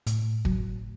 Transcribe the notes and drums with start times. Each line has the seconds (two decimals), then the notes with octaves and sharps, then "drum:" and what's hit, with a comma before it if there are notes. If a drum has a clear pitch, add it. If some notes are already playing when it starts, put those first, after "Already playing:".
0.07 A2, drum: hi-hat
0.45 F#3, drum: kick